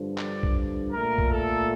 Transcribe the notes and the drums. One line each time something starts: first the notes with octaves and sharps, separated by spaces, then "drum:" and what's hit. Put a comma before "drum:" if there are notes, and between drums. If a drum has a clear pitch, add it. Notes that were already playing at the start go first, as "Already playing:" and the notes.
Already playing: G2 D3 F3
D5, drum: clap
drum: kick
A#2 A3 A#4
drum: kick
A4